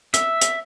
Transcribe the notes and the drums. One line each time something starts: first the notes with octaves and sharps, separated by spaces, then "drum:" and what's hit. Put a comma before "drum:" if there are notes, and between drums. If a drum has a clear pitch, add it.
E5, drum: hi-hat
drum: hi-hat